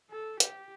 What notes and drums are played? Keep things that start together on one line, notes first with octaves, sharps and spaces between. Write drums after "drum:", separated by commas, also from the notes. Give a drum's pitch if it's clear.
A4
G4, drum: hi-hat